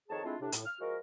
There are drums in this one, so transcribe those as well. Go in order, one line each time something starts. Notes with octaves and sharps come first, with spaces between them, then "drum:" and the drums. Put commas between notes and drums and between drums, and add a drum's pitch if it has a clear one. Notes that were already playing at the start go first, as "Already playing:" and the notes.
F2 D#3 G#4 C#5 A5
G#3 A3 C4 D4 E4 F4
A2 C3 D4
A2, drum: hi-hat
F6
F3 G#3 F#4 A#4